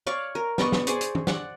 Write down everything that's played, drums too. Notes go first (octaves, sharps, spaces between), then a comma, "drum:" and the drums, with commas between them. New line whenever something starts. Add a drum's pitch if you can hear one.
C#5 D5 F5 C#6
A#4
B3 D5 D#5 C#6, drum: snare
drum: snare
G#4 C5 D5 C#6, drum: hi-hat
drum: hi-hat
drum: tom E3
D5 F#5, drum: snare